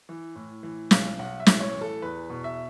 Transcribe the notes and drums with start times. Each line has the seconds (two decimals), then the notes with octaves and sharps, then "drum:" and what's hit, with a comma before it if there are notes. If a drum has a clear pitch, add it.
0.09 E3
0.36 A2
0.63 E3
0.91 B1, drum: snare
1.19 B1 F#5
1.40 E5
1.46 A2, drum: snare
1.60 C#5
1.75 E3
1.81 A4
2.02 E2 B4
2.30 B2
2.44 E5